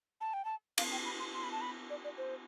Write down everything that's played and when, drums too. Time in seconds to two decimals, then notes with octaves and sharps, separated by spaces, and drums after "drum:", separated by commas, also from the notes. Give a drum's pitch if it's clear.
0.21 A5
0.33 G5
0.45 A5
0.78 F5, drum: cymbal
0.92 G5
1.05 B5
1.19 C6
1.34 C6
1.43 B5
1.51 A5
1.61 B5
1.90 D5
2.04 D5
2.17 C5